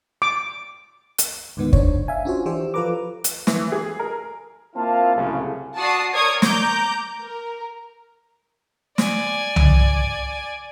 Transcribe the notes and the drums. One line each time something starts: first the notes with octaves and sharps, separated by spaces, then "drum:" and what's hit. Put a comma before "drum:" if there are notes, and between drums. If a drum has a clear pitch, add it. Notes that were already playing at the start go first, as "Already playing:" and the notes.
D6
drum: hi-hat
D2 G#2 D#3 B3
D4 C5 C#5, drum: kick
E5 F5 G#5
C#4 D4 F4 F#4 C5 C#5
E3 D4 G4 C5 E5
F3 F4 A4 B4 A#5 D6
drum: hi-hat
E3, drum: snare
G#4
A#4
A#3 C4 E4 F4 F5 A5
C2 F#2 A2 C#3
F#4 D5 A5 D#6 C7
A#4 C#5 D5 D#6 G#6
A#5 D6 G6, drum: snare
A#4
D5 G#5, drum: snare
drum: tom C2